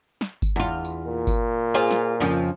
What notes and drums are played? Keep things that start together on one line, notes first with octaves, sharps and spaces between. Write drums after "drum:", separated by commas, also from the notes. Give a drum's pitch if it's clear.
drum: snare
drum: kick G1, tambourine
E2 F4
drum: tambourine
A#2
drum: kick G1, tambourine
F4 G#4 C5
drum: snare
F2 C#3 F3